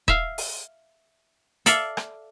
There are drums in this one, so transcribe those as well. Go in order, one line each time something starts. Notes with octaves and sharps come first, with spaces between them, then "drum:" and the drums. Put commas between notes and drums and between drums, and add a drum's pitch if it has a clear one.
E5 F5, drum: kick D#1
drum: open hi-hat
A4 D5 E5 F5, drum: hi-hat
drum: rim click